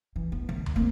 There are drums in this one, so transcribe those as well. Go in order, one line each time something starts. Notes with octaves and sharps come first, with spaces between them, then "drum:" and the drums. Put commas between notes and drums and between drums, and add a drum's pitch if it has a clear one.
E3
B3
D3
drum: tom D2
A#3 C4